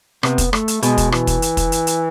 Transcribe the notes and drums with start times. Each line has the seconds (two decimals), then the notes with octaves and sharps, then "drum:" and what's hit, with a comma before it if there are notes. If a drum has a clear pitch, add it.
0.23 C3 B3, drum: rim click
0.38 drum: kick, hi-hat
0.53 A3, drum: rim click
0.68 drum: hi-hat
0.83 B2 G#3, drum: hi-hat
0.98 drum: kick, hi-hat
1.12 E3, drum: rim click
1.27 drum: kick, hi-hat
1.42 drum: hi-hat
1.57 drum: kick, hi-hat
1.72 drum: hi-hat
1.87 drum: hi-hat